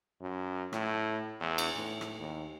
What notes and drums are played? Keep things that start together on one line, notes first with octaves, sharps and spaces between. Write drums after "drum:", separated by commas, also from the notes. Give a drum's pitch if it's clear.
F#2
A2, drum: rim click
E2
drum: cymbal
A2
drum: rim click
D#2